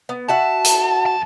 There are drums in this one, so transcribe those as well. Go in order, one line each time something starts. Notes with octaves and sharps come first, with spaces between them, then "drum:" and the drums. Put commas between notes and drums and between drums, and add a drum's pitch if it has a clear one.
B3
F#4 E5 F#5 A5
drum: hi-hat
F2 A5